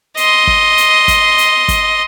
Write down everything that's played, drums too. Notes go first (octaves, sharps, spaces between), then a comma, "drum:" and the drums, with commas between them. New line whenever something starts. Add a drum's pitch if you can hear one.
D#5 C6, drum: hi-hat
drum: kick
drum: hi-hat
drum: kick, hi-hat
drum: hi-hat
drum: kick, hi-hat